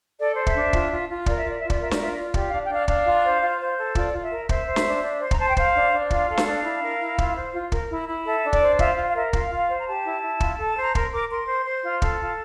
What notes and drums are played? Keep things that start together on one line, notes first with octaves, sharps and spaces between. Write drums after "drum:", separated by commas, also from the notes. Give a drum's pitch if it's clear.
A4 D5
C5
E5, drum: kick
D4
F4, drum: kick
F4
F4
A#4 D5, drum: kick
E5
F4 D5
F4 E5
D5, drum: kick
A#4 E5
D5, drum: snare
F4 E5
F4 D5
G4 D5, drum: kick
D4 F5
G5
D4 F5
D4 F5, drum: kick
F4
C5
F4
C5
A4
F4 D5, drum: kick
F4
E5
A#4
C5 E5, drum: kick
C5
drum: snare
D4
D4
C5 C6
A#5, drum: kick
C5 A5
G5
C5 F5, drum: kick
D4
D4
F4 F5, drum: kick
A4
drum: snare
D4
E4
A#4
E4
F4, drum: kick
C5
F4
A#4, drum: kick
E4
E4
A4 E5
D4
D5, drum: kick
C5
F4 E5, drum: kick
F4
F5
A#4 E5
F4 F5, drum: kick
F4
C5
A#5
G4 A5
E4
E4
F4, drum: kick
A4
A5
C5 A#5
A#4 C6, drum: kick
A#4 D6
A#4 C6
C5
C5
F4
A4, drum: kick
F4